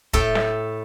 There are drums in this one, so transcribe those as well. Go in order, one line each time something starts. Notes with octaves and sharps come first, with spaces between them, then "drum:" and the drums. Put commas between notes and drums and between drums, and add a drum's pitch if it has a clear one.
A2 A4 G5, drum: kick
drum: snare